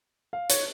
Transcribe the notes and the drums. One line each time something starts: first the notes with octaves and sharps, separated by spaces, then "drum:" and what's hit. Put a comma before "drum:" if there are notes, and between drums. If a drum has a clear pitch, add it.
F5
C#5, drum: hi-hat